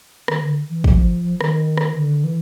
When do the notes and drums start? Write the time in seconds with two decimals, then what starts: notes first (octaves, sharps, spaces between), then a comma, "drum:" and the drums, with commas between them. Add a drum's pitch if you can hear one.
0.28 D#3, drum: rim click
0.41 D3
0.70 E3
0.84 F3, drum: kick
1.41 D#3, drum: rim click
1.77 drum: rim click
1.96 D3
2.24 E3